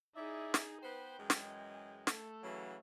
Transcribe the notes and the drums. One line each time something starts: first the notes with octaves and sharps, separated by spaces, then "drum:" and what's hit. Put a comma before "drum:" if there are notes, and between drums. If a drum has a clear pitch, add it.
D#4 E4 G#4 D5 E5
drum: snare
B3 B4 C5 G5
F#2 E3 G#3
drum: snare
A3 A4, drum: snare
C#3 E3 F#3